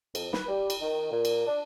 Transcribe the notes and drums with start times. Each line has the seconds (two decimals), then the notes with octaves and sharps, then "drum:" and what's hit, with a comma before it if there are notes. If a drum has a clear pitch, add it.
0.15 F2, drum: cymbal
0.33 B4, drum: snare
0.48 G3
0.70 drum: cymbal
0.82 D#3
1.11 A#2
1.25 drum: cymbal
1.47 D4